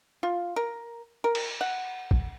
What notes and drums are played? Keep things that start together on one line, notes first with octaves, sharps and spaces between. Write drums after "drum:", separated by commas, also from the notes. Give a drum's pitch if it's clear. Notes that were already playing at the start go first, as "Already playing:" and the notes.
F4
A#4
A#4
drum: cymbal
F#5
drum: kick